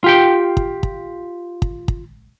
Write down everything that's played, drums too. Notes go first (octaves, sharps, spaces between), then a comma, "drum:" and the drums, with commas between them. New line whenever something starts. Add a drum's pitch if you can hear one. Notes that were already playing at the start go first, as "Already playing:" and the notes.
F4 G4 G5
drum: kick
drum: kick
drum: kick
drum: kick